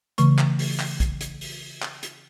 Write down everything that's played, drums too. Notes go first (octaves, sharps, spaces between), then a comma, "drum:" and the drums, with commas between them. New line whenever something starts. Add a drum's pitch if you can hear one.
C#3 E3 A3 C#6, drum: hi-hat
drum: clap
drum: open hi-hat
drum: clap
drum: kick, hi-hat
drum: hi-hat
drum: open hi-hat
drum: clap
drum: hi-hat